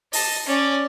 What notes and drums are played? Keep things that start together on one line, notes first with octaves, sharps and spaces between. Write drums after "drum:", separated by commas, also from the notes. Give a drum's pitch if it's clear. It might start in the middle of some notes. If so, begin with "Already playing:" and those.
D#5 A5, drum: open hi-hat
C#4 D5